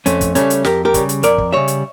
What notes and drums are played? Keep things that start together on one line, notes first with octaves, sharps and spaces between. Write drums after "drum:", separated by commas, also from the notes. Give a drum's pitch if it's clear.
F2 A3 C#4, drum: hi-hat
drum: kick, hi-hat
C#3 G3 A3 C#4, drum: hi-hat
drum: hi-hat
F2 G4 A#4, drum: snare
G4 A#4
C#3 G3, drum: kick, hi-hat
drum: hi-hat
F2 A#4 D5, drum: hi-hat
drum: kick
C#3 G3 C#5 E5
drum: hi-hat